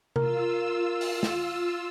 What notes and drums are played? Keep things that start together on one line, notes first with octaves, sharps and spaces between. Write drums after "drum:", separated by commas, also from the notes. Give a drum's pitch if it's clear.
F4 A#4 E6, drum: tom C3
drum: open hi-hat
drum: snare